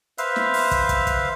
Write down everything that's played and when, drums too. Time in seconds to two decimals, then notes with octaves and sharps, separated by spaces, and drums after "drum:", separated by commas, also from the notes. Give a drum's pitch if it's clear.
0.18 B4 C5 E5 F5, drum: hi-hat
0.36 drum: snare
0.54 drum: open hi-hat
0.71 drum: kick, hi-hat
0.89 drum: kick, hi-hat
1.07 drum: kick, hi-hat